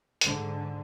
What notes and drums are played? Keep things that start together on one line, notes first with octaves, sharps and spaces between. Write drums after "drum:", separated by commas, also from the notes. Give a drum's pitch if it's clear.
G#2 D3, drum: hi-hat